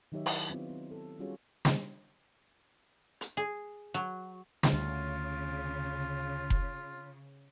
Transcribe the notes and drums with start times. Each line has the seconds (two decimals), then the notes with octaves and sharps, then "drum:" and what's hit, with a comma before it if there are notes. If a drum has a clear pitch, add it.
0.12 D#3 F#3 D#4 G4 C#5 E5
0.26 E4, drum: open hi-hat
0.50 B3 C4 F4
0.70 C4
0.91 A4
1.19 G3 C#4 F4 F#4 G#4 C#5
1.65 drum: snare
3.21 drum: hi-hat
3.37 G#4
3.94 F#3
4.63 drum: snare
4.73 D2 C#3 F4
6.50 drum: kick F1